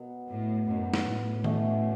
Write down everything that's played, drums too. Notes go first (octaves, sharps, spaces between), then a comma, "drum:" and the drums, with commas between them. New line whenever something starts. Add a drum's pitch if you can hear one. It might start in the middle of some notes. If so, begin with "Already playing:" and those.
Already playing: B2 F#3 B3
A2
F#2 B2 F#3 B3
drum: snare
A2
B2 A3 C#4, drum: tom D#3